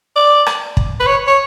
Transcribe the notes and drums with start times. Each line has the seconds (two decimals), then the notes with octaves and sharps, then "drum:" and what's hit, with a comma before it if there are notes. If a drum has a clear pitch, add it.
0.16 D5
0.46 drum: rim click
0.77 drum: kick
1.00 B4
1.07 C#5
1.27 C#5